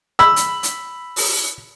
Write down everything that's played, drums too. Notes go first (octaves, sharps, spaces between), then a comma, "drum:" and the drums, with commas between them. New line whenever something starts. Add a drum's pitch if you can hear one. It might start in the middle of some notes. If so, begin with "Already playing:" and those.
B5 E6, drum: rim click
drum: hi-hat
drum: hi-hat
drum: open hi-hat